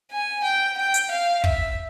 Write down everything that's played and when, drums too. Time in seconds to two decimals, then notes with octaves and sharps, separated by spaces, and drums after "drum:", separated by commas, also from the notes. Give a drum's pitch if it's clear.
0.11 G#5
0.44 G5
0.78 G5
0.94 drum: hi-hat
1.11 F5
1.44 E5, drum: kick